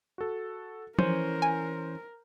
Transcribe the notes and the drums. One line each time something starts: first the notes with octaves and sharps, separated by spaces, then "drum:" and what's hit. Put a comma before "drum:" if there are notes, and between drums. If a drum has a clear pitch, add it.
F#4 A4
E3 C#4 A#4 C5, drum: tom F3
G#5